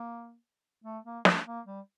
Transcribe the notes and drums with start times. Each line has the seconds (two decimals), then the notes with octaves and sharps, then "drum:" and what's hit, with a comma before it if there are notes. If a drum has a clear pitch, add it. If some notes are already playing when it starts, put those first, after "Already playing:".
Already playing: A#3
0.84 A3
1.05 A#3
1.25 A3, drum: snare
1.46 A#3
1.66 G3